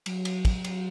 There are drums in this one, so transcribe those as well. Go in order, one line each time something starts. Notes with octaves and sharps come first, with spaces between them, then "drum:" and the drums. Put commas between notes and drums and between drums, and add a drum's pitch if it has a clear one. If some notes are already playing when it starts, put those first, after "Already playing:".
F#3, drum: cymbal
drum: cymbal
drum: kick, cymbal
drum: cymbal